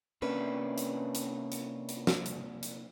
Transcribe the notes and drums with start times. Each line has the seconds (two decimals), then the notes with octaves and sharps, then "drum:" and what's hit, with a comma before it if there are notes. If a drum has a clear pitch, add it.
0.22 C3 A#3 C#4 D4 B4
0.78 drum: hi-hat
1.15 drum: hi-hat
1.52 drum: hi-hat
1.89 drum: hi-hat
2.07 drum: snare
2.26 drum: hi-hat
2.63 drum: hi-hat